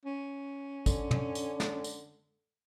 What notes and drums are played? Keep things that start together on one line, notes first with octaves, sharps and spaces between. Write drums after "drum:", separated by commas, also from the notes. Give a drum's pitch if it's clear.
C#4
D3, drum: kick, tambourine
drum: tom
drum: tambourine
drum: snare
drum: tambourine